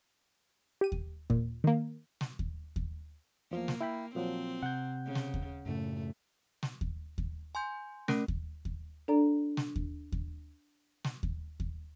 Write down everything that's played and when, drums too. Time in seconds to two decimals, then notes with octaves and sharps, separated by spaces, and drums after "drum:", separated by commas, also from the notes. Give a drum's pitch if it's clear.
0.81 G4 D#7
0.92 drum: kick D#2
1.30 A#2, drum: kick D#2
1.64 D#3 A#3
2.21 drum: snare
2.39 drum: kick D#2
2.76 drum: kick D#2
3.51 E2 F3 A#3
3.68 drum: snare
3.81 E4 G5 B5
4.15 A#2 F3 F#3 C4
4.63 C3 F#5 G6
5.06 C#3
5.15 drum: snare
5.34 drum: kick D#2
5.66 F#2 A2 C#3 A3
6.63 drum: snare
6.81 drum: kick D#2
7.18 drum: kick D#2
7.55 G#5 C6 G6
8.08 A3 C#4 A#4, drum: snare
8.28 drum: kick D#2
8.65 drum: kick D#2
9.08 D4 A4 D5 A#5
9.57 drum: snare
9.76 drum: kick D#2
10.12 drum: kick D#2
11.04 drum: snare
11.23 drum: kick D#2
11.60 drum: kick D#2